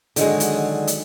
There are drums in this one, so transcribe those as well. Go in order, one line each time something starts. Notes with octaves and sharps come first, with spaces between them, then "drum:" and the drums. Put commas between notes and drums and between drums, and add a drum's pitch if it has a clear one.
D3 D#3 F#3 G#3, drum: hi-hat
drum: hi-hat
drum: hi-hat